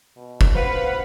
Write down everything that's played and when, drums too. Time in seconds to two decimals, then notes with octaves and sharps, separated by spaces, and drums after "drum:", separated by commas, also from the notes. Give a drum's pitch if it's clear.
0.17 B2
0.41 drum: kick
0.55 D#1 B4 C5 F5 F#5 B5